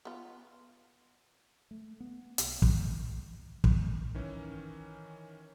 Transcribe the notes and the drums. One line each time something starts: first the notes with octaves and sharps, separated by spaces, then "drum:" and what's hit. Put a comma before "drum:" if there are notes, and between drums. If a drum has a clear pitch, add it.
B3 F4
A3
B3
B1, drum: hi-hat
C#2, drum: kick
drum: kick
D#3 E3 C#4